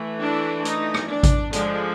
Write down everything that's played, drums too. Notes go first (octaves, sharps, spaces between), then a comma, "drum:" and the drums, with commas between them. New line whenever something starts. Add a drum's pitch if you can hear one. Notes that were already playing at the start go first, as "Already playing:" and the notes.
Already playing: E3 A3
D4 E4
D#4, drum: hi-hat
drum: rim click
D4
drum: kick A1, hi-hat
D3 F3 G#3 D4, drum: hi-hat